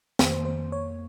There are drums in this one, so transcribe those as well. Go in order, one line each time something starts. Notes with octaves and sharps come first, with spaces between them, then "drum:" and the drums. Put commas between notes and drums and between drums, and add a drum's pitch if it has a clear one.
F2 D#3 A#3 C5, drum: snare
C5
C#5